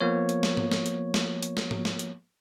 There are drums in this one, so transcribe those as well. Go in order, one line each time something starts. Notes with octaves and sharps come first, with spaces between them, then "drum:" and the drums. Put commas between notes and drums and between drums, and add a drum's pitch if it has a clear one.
F3 A#3 B3 C#5
drum: hi-hat
drum: snare
drum: tom
drum: snare
drum: hi-hat
drum: snare
drum: hi-hat
drum: snare
drum: tom
drum: snare
drum: hi-hat